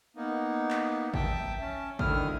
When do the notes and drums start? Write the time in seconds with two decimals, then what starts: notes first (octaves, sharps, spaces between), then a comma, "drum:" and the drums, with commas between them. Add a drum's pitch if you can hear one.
0.16 A#3 B3 D#4
0.70 drum: clap
1.14 E5 G5 A5, drum: kick G#1
1.61 C#4 A5
1.99 D2 D3 D#3 E4 D#6 F6, drum: kick G#1